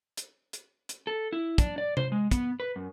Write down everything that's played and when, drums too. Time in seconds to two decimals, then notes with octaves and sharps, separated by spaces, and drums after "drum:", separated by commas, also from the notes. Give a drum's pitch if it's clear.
0.17 drum: hi-hat
0.53 drum: hi-hat
0.89 drum: hi-hat
1.07 A4
1.33 E4
1.58 D4, drum: kick, hi-hat
1.78 D5
1.97 C5, drum: tom C3
2.12 G#3
2.31 B3, drum: kick, hi-hat
2.60 B4
2.76 F#2